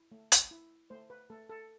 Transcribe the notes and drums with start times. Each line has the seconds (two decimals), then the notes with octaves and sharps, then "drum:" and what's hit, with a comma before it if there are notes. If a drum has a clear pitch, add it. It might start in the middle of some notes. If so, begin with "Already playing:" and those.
Already playing: E4
0.12 A3
0.32 drum: hi-hat
0.51 E4
0.90 A3 C5
1.10 B4
1.30 A3 A4
1.50 A4